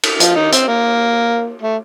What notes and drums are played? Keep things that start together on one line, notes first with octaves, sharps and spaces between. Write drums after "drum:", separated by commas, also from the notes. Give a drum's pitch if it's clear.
drum: cymbal
F3 F4, drum: hi-hat
D#3 D#4
C4, drum: hi-hat
A#3
A3